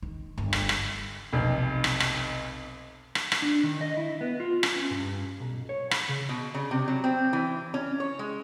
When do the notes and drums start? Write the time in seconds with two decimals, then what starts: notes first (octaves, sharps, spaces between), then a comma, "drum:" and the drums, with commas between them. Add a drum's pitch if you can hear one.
0.02 D#3
0.38 G1 G2
0.53 drum: rim click
0.69 drum: rim click
1.33 F1 B1
1.84 drum: rim click
2.00 drum: rim click
3.15 drum: rim click
3.32 drum: rim click
3.42 D4
3.63 D#3
3.81 D#5
3.97 E4
4.21 B3
4.40 F4
4.63 C#4, drum: rim click
4.91 G2
5.40 B1
5.69 C#5
5.91 B5, drum: rim click
6.09 C#3
6.29 B2
6.55 C#3
6.71 C3
6.88 F#3
7.04 C4
7.33 E3
7.74 C#4
8.00 C#5
8.19 G#3